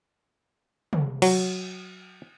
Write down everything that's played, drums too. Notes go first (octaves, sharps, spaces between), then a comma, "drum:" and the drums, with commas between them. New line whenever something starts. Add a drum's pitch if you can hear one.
drum: tom
F#3, drum: cymbal